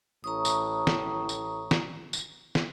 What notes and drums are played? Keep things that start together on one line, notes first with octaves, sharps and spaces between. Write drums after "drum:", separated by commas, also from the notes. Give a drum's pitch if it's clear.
A1 A2 A#5 C#6 D#6
drum: tambourine
drum: snare
drum: tambourine
drum: snare
drum: tambourine
drum: snare